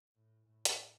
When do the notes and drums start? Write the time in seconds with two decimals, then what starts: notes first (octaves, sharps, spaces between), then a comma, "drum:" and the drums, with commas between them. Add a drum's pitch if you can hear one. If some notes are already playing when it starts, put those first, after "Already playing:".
0.16 A2
0.46 A2
0.65 drum: hi-hat